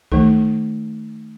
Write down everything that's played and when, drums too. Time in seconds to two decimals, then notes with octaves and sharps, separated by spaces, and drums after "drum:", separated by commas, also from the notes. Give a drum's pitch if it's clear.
0.12 D#3 A3 D#4 A4, drum: kick C2